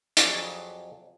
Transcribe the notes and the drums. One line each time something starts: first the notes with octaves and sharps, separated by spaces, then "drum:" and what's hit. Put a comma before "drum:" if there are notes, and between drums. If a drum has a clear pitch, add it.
F2 F#3 G#4 D5, drum: hi-hat